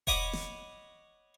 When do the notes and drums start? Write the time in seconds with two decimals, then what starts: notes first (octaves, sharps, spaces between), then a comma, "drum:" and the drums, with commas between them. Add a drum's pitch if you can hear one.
0.07 C#5 D#5 F#5 B5 D6 D#6, drum: kick E1
0.33 drum: snare